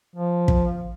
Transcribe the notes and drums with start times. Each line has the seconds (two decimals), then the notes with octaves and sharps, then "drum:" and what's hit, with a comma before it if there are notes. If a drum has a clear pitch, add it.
0.16 F3
0.48 drum: kick